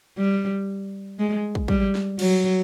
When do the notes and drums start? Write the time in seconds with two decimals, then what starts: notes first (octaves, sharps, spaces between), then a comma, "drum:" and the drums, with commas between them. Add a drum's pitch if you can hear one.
0.18 G3
1.19 G#3
1.55 drum: kick
1.68 G3, drum: kick
1.95 drum: snare
2.19 F#3, drum: cymbal